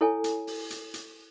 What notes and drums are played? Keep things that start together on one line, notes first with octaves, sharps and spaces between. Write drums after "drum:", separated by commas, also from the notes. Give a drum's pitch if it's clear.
E4 A4 C#5 G#5
drum: hi-hat
drum: open hi-hat
drum: hi-hat
drum: hi-hat